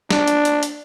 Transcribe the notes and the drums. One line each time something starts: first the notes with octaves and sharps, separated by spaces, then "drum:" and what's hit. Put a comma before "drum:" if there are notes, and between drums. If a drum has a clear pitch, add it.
D4, drum: snare
drum: hi-hat
drum: hi-hat
drum: hi-hat